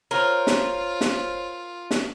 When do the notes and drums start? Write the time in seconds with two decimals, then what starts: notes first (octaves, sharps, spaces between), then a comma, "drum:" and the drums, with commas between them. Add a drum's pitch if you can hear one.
0.11 F4 A#4 C5 C#5
0.47 drum: snare
1.01 drum: snare
1.91 drum: snare